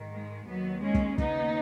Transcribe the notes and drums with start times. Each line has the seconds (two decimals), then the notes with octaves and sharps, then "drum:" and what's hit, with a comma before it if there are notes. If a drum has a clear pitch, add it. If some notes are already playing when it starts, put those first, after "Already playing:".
Already playing: G#2 D#3
0.10 G#3
0.46 D#2 D#3 F#3 B3
0.82 G#3 C#4
0.95 drum: kick
1.18 D#2 C#3 B3 D#4, drum: kick